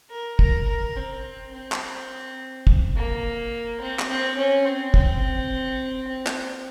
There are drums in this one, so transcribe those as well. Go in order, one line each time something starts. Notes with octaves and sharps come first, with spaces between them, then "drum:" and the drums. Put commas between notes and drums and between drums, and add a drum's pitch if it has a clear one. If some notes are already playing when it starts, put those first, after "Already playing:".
A#4
A#4, drum: kick
A#4
C4
C4
drum: clap
drum: kick
A#3
C4
drum: clap
C4
C#4
C4
C4, drum: kick
C4
drum: clap